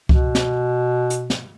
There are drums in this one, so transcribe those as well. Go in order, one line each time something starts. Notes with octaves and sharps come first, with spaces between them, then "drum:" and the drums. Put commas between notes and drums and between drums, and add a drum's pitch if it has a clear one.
B2, drum: kick C#2
drum: snare
drum: hi-hat
drum: snare